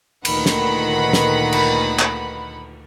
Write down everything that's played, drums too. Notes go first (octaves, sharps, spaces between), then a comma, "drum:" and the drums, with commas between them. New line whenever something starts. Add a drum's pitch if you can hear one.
D2 A#2 D#3 B4 F#5 B5, drum: cymbal
drum: snare
drum: snare
drum: cymbal
drum: clap